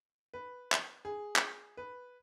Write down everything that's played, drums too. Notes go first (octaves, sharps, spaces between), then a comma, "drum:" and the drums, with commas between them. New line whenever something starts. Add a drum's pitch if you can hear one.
B4
drum: clap
G#4
drum: clap
B4